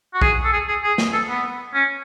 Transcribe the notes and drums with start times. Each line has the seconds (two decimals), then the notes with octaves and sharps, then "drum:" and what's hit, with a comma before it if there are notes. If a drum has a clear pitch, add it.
0.14 F#4
0.21 G#4, drum: kick
0.44 A4
0.53 G#4
0.68 G#4
0.83 G#4
0.98 drum: snare
1.13 A4
1.29 B3
1.74 C#4